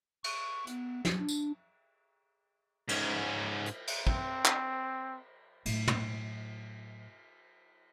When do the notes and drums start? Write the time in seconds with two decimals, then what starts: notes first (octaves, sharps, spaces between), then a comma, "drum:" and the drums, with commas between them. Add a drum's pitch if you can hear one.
0.24 C#6, drum: cymbal
0.67 B3, drum: hi-hat
1.05 drum: snare
1.18 D4
1.29 drum: tambourine
2.89 G#2 C#4, drum: cymbal
3.66 drum: hi-hat
3.87 drum: cymbal
4.07 C4, drum: kick
4.45 drum: clap
5.66 A2 F#3, drum: cymbal
5.88 drum: tom